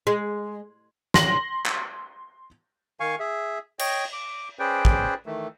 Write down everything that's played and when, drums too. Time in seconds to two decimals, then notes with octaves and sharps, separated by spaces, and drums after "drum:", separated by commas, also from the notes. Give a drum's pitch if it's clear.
0.07 G#3
1.14 C6 A#6 F#7, drum: snare
1.66 drum: clap
3.00 D#3 F5 G#5 C#6
3.20 G#4 E5
3.79 C#5 D#5 G5, drum: cymbal
4.13 D6
4.59 C#4 G#4 B4 C5 D5 G5
4.85 drum: kick
5.26 D#3 E3 A3